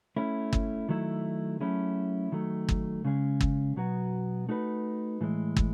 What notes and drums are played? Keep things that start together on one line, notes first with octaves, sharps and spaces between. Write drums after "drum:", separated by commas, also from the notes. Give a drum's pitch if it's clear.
A3 C#4 E4
drum: kick
D#3 F#3 A3 E4
F#3 A3 C#4 E4 G#4
D#3 F#3 A3
drum: kick
C#3 G#3 C#4 G#4
drum: kick
B2 F#3 B3 F#4
A3 D#4 F#4 B4
A2 E3 G#3
drum: kick